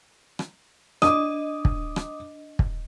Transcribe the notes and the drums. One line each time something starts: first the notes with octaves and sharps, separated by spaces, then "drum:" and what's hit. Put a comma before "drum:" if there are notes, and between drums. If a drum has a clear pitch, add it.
drum: rim click
D4 D#5 D6 D#6, drum: rim click
drum: kick
drum: rim click
drum: kick